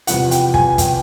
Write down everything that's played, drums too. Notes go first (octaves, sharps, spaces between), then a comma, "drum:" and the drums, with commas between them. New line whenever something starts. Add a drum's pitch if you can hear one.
E2 C3 F3 F#5, drum: hi-hat
G5, drum: hi-hat
G#5, drum: kick
G5, drum: kick, hi-hat